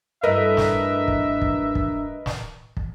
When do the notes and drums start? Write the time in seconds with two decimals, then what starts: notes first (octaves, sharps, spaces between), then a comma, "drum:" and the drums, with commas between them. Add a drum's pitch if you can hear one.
0.23 G2 A3 E4 A#4 B4 D#5 E5
0.57 drum: snare
1.08 drum: kick
1.42 drum: kick
1.75 drum: kick
2.26 drum: snare
2.77 drum: kick